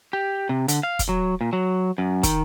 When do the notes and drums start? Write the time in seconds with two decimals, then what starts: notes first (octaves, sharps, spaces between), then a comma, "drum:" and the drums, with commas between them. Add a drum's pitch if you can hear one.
0.13 G4
0.49 C3
0.68 D3, drum: hi-hat
0.83 F5
0.99 drum: kick, hi-hat
1.09 F#3
1.41 A#2
1.53 F#3
1.98 F#2
2.23 D#3, drum: kick, hi-hat